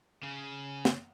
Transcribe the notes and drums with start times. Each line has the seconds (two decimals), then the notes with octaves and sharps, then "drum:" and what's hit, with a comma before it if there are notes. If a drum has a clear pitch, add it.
0.23 C#3
0.85 drum: snare